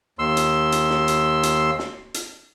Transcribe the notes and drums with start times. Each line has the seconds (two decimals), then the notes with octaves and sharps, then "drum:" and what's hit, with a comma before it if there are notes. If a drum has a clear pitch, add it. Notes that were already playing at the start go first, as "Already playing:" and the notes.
0.19 D#2 C6 E6
0.37 drum: hi-hat
0.72 drum: hi-hat
0.90 drum: snare
1.08 drum: hi-hat
1.43 drum: hi-hat
1.79 drum: snare
2.14 drum: hi-hat